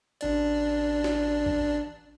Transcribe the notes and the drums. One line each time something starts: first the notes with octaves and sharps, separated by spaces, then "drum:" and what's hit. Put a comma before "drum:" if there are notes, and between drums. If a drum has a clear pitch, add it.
A1 D4 D5, drum: hi-hat
drum: snare
drum: kick